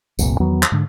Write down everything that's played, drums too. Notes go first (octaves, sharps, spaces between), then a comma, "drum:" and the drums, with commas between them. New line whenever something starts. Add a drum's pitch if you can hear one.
F1 C2 A#2, drum: tambourine
E2 D#3 F#3 B3
drum: clap
G#2 D3